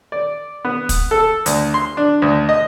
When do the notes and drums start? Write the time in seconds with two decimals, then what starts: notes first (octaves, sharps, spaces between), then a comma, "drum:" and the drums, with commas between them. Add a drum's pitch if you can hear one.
0.12 D5
0.65 B3
0.89 drum: kick, hi-hat
1.11 A4
1.46 D2, drum: hi-hat
1.74 C6
1.97 D4
2.22 D2
2.49 D#5